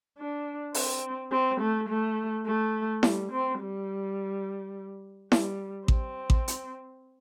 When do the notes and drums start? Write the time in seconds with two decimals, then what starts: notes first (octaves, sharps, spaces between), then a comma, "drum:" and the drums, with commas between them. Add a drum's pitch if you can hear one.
0.18 D4
0.74 C4, drum: open hi-hat
1.32 C4
1.60 A3
1.89 A3
2.46 A3
3.03 G3, drum: snare E4
3.32 C4
3.60 G3
5.32 G3, drum: snare E4
5.88 C4, drum: kick A1
6.30 drum: kick A1
6.48 drum: hi-hat